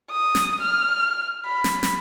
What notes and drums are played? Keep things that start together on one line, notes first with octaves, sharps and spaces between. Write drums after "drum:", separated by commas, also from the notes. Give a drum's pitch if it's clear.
D#6
drum: snare
F6
B5
drum: snare
drum: snare